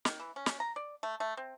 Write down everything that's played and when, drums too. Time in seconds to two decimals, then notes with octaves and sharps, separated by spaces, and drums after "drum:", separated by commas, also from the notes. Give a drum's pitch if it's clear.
0.05 D#3, drum: snare
0.20 E3
0.36 C#4
0.46 drum: snare
0.60 A#5
0.76 D5
1.03 A3
1.20 A3
1.37 C4